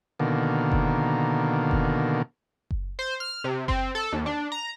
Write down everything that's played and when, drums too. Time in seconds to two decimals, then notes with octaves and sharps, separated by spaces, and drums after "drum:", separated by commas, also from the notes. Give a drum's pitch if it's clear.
0.20 B2 D3 D#3 A#3
0.72 drum: kick F#1
1.71 drum: kick F#1
2.71 drum: kick F#1
2.99 C5
3.20 F6
3.44 C3
3.68 C4, drum: kick F#1
3.95 A4
4.13 D#2
4.26 D4
4.52 A#5